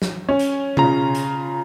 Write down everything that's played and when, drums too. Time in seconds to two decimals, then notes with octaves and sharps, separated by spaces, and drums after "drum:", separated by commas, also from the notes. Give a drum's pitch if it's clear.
0.02 drum: snare
0.29 C#4
0.39 drum: hi-hat
0.77 C#3 F4 A#5, drum: tom B2
1.15 drum: hi-hat